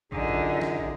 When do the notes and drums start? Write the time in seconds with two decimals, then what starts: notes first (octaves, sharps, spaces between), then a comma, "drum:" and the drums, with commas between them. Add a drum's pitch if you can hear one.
0.12 F#2 D3 D#4 F4 G#4, drum: kick
0.29 drum: kick
0.61 drum: snare
0.78 drum: kick